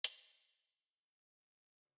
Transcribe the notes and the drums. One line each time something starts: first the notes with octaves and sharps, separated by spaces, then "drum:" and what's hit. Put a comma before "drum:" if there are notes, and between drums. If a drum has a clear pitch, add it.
drum: hi-hat
G#4 F#5
D2 D3 D#3
D2 C#3 F3 G3 D#5 G5